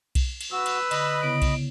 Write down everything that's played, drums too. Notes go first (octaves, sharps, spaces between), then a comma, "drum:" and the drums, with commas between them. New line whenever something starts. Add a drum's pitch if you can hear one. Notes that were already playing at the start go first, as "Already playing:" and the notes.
drum: kick B1, cymbal
drum: cymbal
F#4 B4 E6
drum: cymbal
D3 D#5 B5, drum: cymbal
C#3 B3 E4 D7
drum: kick B1, cymbal